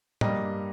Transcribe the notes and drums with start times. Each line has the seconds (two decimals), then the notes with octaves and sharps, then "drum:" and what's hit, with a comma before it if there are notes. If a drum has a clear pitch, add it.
0.21 G2 G3 A#3 D#5, drum: tom